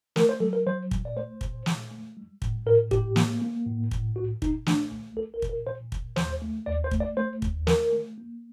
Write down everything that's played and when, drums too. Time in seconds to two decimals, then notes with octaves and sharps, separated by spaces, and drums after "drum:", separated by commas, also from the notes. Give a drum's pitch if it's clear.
0.16 A3 A#4, drum: snare
0.29 C5
0.40 F#3 A4
0.53 A#4
0.66 F#3 C5
0.91 A#2, drum: kick
1.05 D5
1.16 A3 C5
1.41 A#2, drum: kick
1.66 A#2, drum: snare
1.91 A3
2.17 G3
2.42 A2, drum: kick
2.66 A2 A#4
2.91 A2 G4, drum: kick
3.16 A#3, drum: snare
3.42 A#3
3.67 A2
3.91 A2, drum: kick
4.16 C2 F#4
4.42 A#2 D#4, drum: kick
4.66 A3 D4, drum: snare
4.92 C2
5.17 C2 A4
5.34 A#4
5.42 A#2, drum: kick
5.49 A#4
5.67 A#2 C5
5.92 C2, drum: kick
6.16 D#2 C5, drum: snare
6.41 A3
6.66 D#2 D5
6.84 C5
6.91 A3, drum: kick
7.00 D5
7.17 A3 C5
7.42 D#2, drum: kick
7.67 D#3 A#4, drum: snare
7.93 A3
8.18 A#3